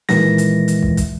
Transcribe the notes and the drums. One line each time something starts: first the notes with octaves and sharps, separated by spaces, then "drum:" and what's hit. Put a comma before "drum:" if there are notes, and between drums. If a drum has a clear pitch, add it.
A#2 D#3 E3 G#3 A#6, drum: snare
drum: hi-hat
drum: hi-hat
drum: kick
drum: kick, hi-hat